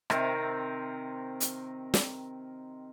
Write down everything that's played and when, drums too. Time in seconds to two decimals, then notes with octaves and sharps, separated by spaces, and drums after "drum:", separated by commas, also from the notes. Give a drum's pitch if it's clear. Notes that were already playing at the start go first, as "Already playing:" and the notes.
0.10 C3 D#3 C4 A#4, drum: rim click
1.40 drum: hi-hat
1.94 drum: snare